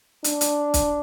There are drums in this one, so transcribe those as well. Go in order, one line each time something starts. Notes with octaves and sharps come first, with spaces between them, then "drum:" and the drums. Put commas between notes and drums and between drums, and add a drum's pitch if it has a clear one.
D4, drum: hi-hat
drum: hi-hat
drum: kick, hi-hat